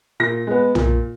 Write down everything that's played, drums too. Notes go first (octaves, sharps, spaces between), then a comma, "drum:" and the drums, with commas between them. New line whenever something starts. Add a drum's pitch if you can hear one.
A#2 A#6
G#3 B3
A#2, drum: tom B1